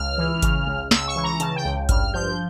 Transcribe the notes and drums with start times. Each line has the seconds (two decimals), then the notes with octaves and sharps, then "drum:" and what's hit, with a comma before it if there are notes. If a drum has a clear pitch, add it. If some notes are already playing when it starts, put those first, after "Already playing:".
Already playing: C#2 F6
0.18 E3
0.42 C#3, drum: kick G#1, hi-hat
0.67 C#2
0.91 C#2 E6, drum: snare
1.08 C#6
1.16 E3
1.24 A#5
1.40 C#3 A5, drum: hi-hat
1.56 G5
1.65 C#2
1.89 G2 F6, drum: kick G#1, hi-hat
2.14 F3 G6